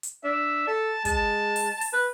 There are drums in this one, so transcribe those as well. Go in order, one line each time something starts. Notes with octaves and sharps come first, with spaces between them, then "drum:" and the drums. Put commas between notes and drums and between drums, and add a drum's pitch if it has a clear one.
drum: hi-hat
D4 E5
A4 A5
G#3 A5, drum: kick, hi-hat
drum: open hi-hat
drum: open hi-hat
B4